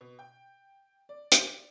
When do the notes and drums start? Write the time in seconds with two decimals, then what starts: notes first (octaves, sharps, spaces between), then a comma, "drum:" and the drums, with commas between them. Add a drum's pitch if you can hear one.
0.01 B2
0.19 G5
1.09 D5
1.32 drum: hi-hat